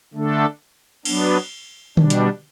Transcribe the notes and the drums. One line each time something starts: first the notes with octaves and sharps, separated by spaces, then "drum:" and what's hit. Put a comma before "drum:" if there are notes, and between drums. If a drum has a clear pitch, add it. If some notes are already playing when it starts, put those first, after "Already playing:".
D3 A3 D4 A4
F#3 B3 D4, drum: cymbal
B2 G3 D4, drum: tom D3
drum: hi-hat